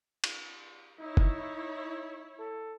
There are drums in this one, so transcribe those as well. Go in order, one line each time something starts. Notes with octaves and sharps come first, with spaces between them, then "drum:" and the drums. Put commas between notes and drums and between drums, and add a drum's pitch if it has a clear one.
drum: cymbal
D#4 E4 C#5
drum: kick F#1
A4